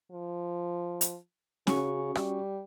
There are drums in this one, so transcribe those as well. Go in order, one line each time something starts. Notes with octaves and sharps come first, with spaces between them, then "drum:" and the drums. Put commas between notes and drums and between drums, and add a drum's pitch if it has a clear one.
F3
drum: hi-hat
C#3 C#4 F#4 C#6, drum: snare C#4
G3, drum: rim click